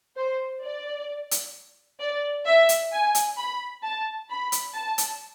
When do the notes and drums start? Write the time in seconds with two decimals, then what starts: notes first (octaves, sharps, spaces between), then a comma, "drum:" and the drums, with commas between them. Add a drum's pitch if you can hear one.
0.17 C5
0.63 D5
1.31 drum: hi-hat
2.00 D5
2.46 E5
2.69 drum: hi-hat
2.92 G#5
3.15 drum: hi-hat
3.38 B5
3.83 A5
4.29 B5
4.52 drum: hi-hat
4.75 A5
4.98 drum: hi-hat